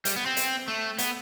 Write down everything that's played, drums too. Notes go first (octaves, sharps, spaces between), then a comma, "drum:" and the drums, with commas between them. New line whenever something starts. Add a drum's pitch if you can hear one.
G3, drum: hi-hat
B3
C4
drum: hi-hat
A3
B3, drum: hi-hat